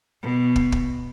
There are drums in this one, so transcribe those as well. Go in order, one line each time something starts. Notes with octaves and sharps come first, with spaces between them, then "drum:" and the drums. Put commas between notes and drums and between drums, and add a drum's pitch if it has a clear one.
B2
drum: kick
drum: kick